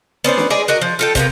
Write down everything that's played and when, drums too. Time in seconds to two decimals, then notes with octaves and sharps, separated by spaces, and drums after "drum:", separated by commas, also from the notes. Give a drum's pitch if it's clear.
0.24 B3 C#4 C5 D5
0.38 drum: snare
0.50 G#3 G#4 D5
0.68 F#4 A#4 D#5
0.81 F3
0.99 F4 A4 G5
1.15 C3 A#3 B3, drum: kick, hi-hat